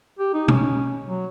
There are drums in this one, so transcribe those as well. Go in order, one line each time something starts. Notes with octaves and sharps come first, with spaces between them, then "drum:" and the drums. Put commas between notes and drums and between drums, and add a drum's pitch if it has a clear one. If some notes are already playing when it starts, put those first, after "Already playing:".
G4
D#4
C#4, drum: tom
F#3